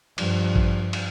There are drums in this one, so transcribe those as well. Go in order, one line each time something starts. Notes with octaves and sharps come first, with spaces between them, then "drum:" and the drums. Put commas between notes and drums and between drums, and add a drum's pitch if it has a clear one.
G2 F3, drum: cymbal
drum: kick A1
drum: cymbal